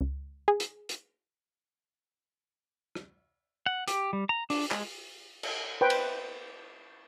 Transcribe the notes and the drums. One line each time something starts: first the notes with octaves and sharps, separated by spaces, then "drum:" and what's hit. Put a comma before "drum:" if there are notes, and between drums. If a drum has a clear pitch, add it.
C#2
G#4
drum: hi-hat
drum: hi-hat
drum: rim click
F#5
G4, drum: hi-hat
G3
A#5
D4, drum: open hi-hat
G#3, drum: clap
drum: cymbal
B4 C5 G5
drum: cymbal